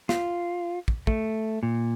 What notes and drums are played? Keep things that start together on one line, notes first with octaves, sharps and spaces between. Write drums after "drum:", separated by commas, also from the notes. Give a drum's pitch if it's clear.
F4, drum: snare
drum: kick
A3, drum: kick
A#2